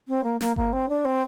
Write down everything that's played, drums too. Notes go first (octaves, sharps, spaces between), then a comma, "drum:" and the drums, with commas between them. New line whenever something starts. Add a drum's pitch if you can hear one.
C4
A#3
A#3, drum: snare
A#3, drum: kick G1
C4
D4
C4